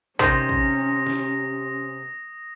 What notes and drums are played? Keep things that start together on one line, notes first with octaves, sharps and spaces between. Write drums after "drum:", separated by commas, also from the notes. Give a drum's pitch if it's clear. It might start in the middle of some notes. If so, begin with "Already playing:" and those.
C3 D#3 C#4 C5 D#6 A#6, drum: kick
drum: kick
drum: snare